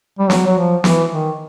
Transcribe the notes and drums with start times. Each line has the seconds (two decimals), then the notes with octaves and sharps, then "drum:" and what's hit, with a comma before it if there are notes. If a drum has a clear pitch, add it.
0.19 G3
0.30 F#3, drum: snare
0.46 F#3
0.58 F3
0.84 E3, drum: snare
1.11 D#3